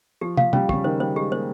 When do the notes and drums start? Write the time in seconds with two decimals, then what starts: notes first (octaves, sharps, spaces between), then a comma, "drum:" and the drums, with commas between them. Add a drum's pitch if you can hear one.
0.21 F3 G4
0.37 F5, drum: tom
0.53 G3 C#4, drum: tom
0.69 C#3 G4, drum: kick
0.84 D#3 C5
1.00 G3 C5
1.16 G#3 G4
1.31 A#3 C5